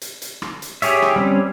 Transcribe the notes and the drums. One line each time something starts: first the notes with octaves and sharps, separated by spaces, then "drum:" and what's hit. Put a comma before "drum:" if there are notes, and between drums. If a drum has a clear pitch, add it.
drum: hi-hat
drum: hi-hat
drum: rim click
drum: hi-hat
G4 G#4 C#5 E5, drum: hi-hat
drum: rim click
G3 C4 C#4